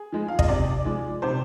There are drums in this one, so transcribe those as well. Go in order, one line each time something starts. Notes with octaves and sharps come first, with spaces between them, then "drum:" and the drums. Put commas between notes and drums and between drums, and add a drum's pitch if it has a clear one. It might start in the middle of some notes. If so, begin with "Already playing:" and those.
Already playing: G#4
F3 G#3
F5
D#5, drum: kick
C3 D5
F3 G#3
C3 C5